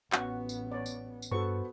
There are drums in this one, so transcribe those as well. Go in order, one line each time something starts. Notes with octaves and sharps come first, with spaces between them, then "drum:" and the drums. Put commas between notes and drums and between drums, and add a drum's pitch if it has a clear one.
A1 B3 C#4 F#4 F#5 C#6, drum: clap
drum: tambourine
C#5 D5
drum: tambourine
drum: tambourine
G2 B3 F#4 A4 C5 C#6